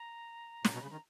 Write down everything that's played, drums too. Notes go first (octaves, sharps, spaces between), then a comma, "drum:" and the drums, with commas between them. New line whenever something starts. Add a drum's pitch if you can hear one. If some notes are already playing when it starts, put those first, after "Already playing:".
Already playing: A#5
A#2, drum: snare
B2
C#3 B5
D#3 A#5